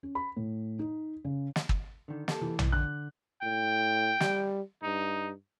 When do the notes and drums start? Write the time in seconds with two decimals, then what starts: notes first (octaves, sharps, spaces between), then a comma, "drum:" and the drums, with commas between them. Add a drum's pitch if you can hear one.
0.03 C#4
0.15 B5
0.36 A2
0.79 D#4
1.25 C#3
1.56 drum: snare
1.69 drum: kick
2.08 D3 D#3
2.28 A#3 G4 A4, drum: snare
2.41 E3
2.59 drum: tom A#1
2.72 D3 F#6
3.42 A2 G5
4.20 G3, drum: snare
4.83 G2 D#4